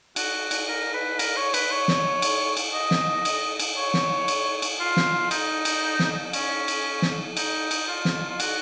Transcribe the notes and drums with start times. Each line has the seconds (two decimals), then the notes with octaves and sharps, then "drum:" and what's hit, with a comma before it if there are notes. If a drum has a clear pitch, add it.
0.16 F#4, drum: cymbal
0.51 drum: cymbal
0.68 A#4
0.94 B4
1.19 A#4, drum: cymbal
1.37 C#5
1.54 B4, drum: cymbal
1.71 C#5
1.88 drum: snare
2.22 drum: cymbal
2.57 drum: cymbal
2.74 D#5
2.91 drum: snare
3.25 drum: cymbal
3.59 drum: cymbal
3.76 C#5
3.94 drum: snare
4.28 drum: cymbal
4.62 drum: cymbal
4.80 F4
4.97 drum: snare
5.31 D#4, drum: cymbal
5.65 drum: cymbal
5.99 drum: snare
6.33 C#4, drum: cymbal
6.68 drum: cymbal
7.02 drum: snare
7.37 D#4, drum: cymbal
7.71 drum: cymbal
7.88 F4
8.05 drum: snare
8.29 F4
8.40 F#4, drum: cymbal